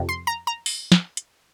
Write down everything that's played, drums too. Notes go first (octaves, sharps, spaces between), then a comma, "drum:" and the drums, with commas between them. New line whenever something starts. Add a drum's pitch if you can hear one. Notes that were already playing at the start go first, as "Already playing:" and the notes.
Already playing: F2 C3
C6
A#5
A#5
drum: open hi-hat
drum: snare
drum: hi-hat